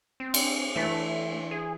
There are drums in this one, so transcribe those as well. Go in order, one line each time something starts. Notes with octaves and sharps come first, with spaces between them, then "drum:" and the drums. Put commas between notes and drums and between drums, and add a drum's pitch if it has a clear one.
C4
drum: cymbal
E3 A3 B6
G#4